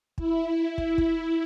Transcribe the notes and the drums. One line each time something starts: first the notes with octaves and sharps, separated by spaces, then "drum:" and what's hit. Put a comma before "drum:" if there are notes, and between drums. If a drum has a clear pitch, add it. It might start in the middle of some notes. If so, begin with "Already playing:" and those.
E4, drum: kick
drum: kick
drum: kick